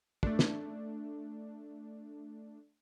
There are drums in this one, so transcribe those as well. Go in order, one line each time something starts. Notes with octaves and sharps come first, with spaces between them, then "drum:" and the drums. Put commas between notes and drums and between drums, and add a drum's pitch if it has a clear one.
A3 D4, drum: kick
drum: snare